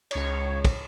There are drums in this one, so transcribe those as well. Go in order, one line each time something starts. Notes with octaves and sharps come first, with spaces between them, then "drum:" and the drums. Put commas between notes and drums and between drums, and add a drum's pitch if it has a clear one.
C#2 C#5, drum: cymbal
drum: kick, cymbal